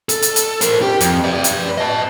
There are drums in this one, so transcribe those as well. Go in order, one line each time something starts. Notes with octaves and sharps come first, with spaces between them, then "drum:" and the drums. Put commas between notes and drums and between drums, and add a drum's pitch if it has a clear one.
A4, drum: hi-hat
drum: hi-hat
drum: hi-hat
A#4 C5, drum: hi-hat
G4
F2, drum: hi-hat
B4 D5
drum: hi-hat
D#5 A5